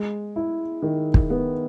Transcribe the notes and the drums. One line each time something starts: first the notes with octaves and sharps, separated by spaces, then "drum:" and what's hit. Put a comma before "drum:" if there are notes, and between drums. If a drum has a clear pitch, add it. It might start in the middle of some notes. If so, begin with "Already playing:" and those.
Already playing: G#3
E4
D#3
drum: kick
B3